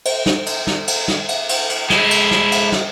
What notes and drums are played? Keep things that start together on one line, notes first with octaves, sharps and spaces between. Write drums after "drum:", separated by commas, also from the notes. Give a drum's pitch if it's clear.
drum: cymbal
drum: snare
drum: cymbal
drum: snare
drum: cymbal
drum: snare
drum: cymbal
drum: cymbal
drum: cymbal
G#3 E4, drum: snare
drum: cymbal
drum: snare
drum: cymbal
drum: snare